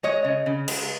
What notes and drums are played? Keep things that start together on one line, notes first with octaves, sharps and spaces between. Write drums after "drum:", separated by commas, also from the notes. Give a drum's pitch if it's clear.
G#3 C#5 D#5
C#3
C#3
G#3, drum: cymbal